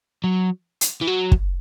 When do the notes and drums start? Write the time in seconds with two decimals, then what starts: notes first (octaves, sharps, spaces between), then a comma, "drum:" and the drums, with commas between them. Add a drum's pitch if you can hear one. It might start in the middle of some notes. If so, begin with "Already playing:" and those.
0.24 F#3
0.81 drum: hi-hat
1.01 E3
1.07 F#3
1.32 drum: kick